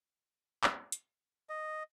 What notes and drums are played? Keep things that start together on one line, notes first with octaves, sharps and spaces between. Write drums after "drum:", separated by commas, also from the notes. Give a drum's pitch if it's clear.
drum: clap
drum: hi-hat
D#5